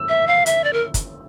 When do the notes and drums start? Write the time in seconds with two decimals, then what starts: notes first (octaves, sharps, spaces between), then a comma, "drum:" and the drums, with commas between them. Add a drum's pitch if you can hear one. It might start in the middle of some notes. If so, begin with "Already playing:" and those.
Already playing: E6
0.09 E5
0.27 F5
0.46 E5, drum: hi-hat
0.64 D5
0.73 A#4
0.94 drum: kick, hi-hat